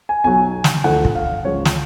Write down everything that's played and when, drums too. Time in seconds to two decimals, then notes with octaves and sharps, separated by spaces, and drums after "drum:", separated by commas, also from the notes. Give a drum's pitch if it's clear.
0.09 G#5
0.24 B1 B2 F#3 G#5
0.64 drum: snare
0.84 D2 D3 F3 A3 F#5
1.05 drum: kick
1.15 F5
1.45 C#2 C#3 F3 G#3 C#5
1.65 drum: snare